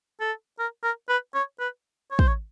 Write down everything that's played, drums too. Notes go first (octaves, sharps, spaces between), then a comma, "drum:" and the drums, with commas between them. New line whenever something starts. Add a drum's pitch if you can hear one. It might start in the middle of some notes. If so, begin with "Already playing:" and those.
A4
A#4
A#4
B4
C#5
B4
C#5
C5, drum: kick
C#5